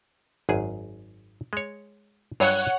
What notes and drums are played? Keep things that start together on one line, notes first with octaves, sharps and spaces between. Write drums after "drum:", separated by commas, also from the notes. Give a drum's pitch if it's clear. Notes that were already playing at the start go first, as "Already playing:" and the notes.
G#1 F#2 G#4
G#3 C#5
G2 F#3 F4 C#5 F#5 F#6, drum: open hi-hat